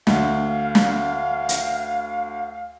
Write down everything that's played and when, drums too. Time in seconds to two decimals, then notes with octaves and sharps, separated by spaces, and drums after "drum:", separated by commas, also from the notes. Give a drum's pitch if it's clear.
0.07 D2 F5, drum: snare
0.75 drum: snare
1.49 drum: hi-hat